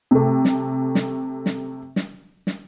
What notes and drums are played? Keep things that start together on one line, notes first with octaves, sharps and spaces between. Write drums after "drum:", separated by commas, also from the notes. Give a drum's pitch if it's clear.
C3 A3
drum: snare
drum: snare
drum: snare
drum: snare
drum: snare